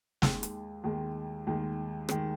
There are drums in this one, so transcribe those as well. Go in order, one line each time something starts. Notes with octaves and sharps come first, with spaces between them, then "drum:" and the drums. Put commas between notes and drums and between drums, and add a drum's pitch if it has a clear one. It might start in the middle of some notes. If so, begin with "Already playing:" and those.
D#2 D#3 G#3, drum: snare
drum: hi-hat
D#2 D#3 G#3
D#2 D#3 G#3
D#3 G#3, drum: rim click